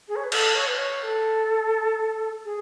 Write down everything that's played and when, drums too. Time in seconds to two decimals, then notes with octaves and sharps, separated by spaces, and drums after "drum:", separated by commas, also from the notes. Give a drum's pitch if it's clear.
0.08 G#4
0.16 C#5
0.23 B4
0.32 A4, drum: cymbal
0.55 C#5
0.67 B4
0.78 C#5
1.02 A4
2.45 G#4